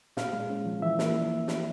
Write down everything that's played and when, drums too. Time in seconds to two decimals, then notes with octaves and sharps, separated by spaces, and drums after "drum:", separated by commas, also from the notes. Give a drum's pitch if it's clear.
0.17 A#2 F5, drum: snare
0.33 G#3
0.50 C#4
0.66 F3
0.82 E3 E5
0.99 A#3, drum: snare
1.48 drum: snare